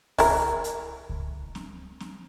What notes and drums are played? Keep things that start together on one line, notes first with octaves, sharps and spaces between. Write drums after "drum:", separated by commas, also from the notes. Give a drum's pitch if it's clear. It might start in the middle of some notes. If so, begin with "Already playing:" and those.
E4 A#4, drum: kick C#2, open hi-hat
drum: hi-hat
drum: kick C#2
drum: snare C4
drum: snare C4